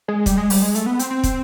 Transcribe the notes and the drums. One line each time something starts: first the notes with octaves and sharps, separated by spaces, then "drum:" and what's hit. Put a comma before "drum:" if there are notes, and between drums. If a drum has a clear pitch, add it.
G#3
G3, drum: kick, hi-hat
G#3
G3, drum: open hi-hat
G#3
A3, drum: hi-hat
B3
C4, drum: hi-hat
C4
drum: kick, hi-hat